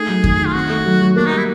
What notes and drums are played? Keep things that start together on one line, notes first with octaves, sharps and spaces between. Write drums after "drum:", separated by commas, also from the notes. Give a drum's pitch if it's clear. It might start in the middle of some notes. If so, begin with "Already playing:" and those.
Already playing: A3 D#4 G#4
F#3
D#3, drum: kick F2
D#3
F4
C4 F#4
A3
F#3
F#3
A#3 D4
D#4
G3
E4